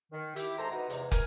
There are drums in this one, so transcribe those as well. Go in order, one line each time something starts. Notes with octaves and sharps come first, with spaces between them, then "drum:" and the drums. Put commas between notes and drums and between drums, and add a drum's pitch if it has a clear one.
D#3
E4 G4, drum: hi-hat
G#2 A4 C5 A#5
B2 D#4 F#4 B4 D#5 A#5
E2 G#2 C3, drum: hi-hat
A#4 G#5, drum: kick, hi-hat